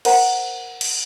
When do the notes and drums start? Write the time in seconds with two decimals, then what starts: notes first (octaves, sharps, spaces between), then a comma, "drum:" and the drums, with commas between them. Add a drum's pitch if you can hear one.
0.05 A#4 C5 F#5 A#5, drum: cymbal
0.81 drum: cymbal